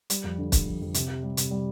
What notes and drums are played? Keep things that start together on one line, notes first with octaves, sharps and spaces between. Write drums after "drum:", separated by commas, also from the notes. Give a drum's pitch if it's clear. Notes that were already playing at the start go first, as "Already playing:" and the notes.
G3, drum: hi-hat
F2
D3
F2, drum: kick, hi-hat
F2
F2
C3, drum: hi-hat
G4
G3
C3, drum: hi-hat
G3